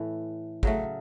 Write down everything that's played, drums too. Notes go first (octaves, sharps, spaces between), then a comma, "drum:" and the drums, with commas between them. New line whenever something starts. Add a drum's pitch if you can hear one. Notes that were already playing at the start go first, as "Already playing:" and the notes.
Already playing: A2 E3 A3
C#3 F#3 A3, drum: kick G#1